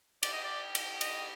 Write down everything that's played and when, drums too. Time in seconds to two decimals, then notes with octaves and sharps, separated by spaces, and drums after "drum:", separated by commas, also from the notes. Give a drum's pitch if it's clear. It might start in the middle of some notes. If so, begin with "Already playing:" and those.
0.23 G4 D5, drum: cymbal
0.33 D#5
0.44 D5
0.75 drum: cymbal
1.01 D#5, drum: cymbal